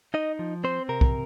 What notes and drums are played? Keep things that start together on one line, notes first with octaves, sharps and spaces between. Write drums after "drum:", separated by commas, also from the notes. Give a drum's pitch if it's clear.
D#4 D#5
F3
C4 C5
C3 A#4
drum: kick